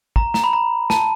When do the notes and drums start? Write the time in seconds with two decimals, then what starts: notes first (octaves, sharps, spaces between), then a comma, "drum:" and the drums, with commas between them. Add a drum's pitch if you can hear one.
0.16 A#5, drum: kick
0.34 A#5, drum: snare
0.44 B5
0.53 A#5
0.90 A5, drum: snare